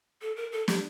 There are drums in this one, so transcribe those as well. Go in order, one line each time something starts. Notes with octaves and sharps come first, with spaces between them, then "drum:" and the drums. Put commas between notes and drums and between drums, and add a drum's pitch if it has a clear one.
A4
A#4
A4
G4, drum: snare